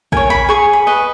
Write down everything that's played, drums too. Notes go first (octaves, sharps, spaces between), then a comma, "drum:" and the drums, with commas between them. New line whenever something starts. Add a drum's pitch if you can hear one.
A#4 C#5 G#5, drum: kick A#1
B5
G#4 C#6
B5
B4 D#5